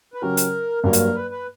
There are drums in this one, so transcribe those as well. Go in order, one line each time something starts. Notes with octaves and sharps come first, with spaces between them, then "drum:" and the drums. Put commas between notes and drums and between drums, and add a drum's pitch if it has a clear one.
B4
C#3 F#3 C#4 G4 A#4
drum: hi-hat
G2 F#3 A#3 A#4
drum: hi-hat
B4
B4